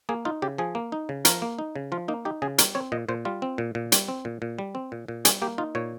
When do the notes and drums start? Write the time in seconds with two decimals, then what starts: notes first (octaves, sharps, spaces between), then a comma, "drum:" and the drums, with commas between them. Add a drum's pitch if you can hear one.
0.09 A#3 G#4
0.25 D#4 F4
0.42 C#3 G4
0.58 F3 G#4
0.75 A#3
0.92 D#4
1.09 C#3
1.25 F3 A#4, drum: hi-hat
1.42 A#3
1.59 D#4
1.76 C#3
1.92 F3 F4
2.08 A#3 D#4
2.25 D#4 G4
2.42 C#3 G#4
2.58 G3 A#4, drum: hi-hat
2.75 C4 C#5
2.92 A#2 D#5
3.09 A#2 C5
3.25 G3 F4
3.42 C4
3.58 A#2
3.75 A#2
3.92 G3, drum: hi-hat
4.08 C4
4.25 A#2
4.42 A#2
4.58 G3
4.75 C4
4.92 A#2
5.08 A#2
5.25 G3 G#4, drum: hi-hat
5.42 A#3 G4
5.58 D#4 F4
5.75 A#2 C#5